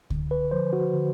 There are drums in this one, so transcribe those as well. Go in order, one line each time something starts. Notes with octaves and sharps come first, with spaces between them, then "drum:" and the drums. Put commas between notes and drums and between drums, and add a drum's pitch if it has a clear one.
D3, drum: kick C#2
B4
F3 C5
F#4
D3